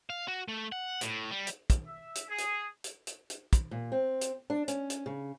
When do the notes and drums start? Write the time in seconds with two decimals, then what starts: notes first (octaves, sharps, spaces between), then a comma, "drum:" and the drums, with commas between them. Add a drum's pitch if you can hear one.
0.10 F5
0.28 F#4
0.48 A3
0.72 F#5
1.01 A2, drum: hi-hat
1.31 G3
1.47 drum: hi-hat
1.70 drum: kick, hi-hat
1.87 E5
2.15 drum: hi-hat
2.29 G#4
2.38 drum: hi-hat
2.84 drum: hi-hat
3.07 drum: hi-hat
3.30 drum: hi-hat
3.53 drum: kick, hi-hat
3.71 A#2
3.92 C4
4.21 drum: hi-hat
4.50 D4
4.68 C#4, drum: hi-hat
4.90 drum: hi-hat
5.06 C#3